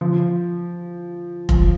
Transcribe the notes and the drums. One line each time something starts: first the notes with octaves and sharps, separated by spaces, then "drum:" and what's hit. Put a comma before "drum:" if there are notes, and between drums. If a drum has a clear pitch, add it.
F3
F3, drum: kick F1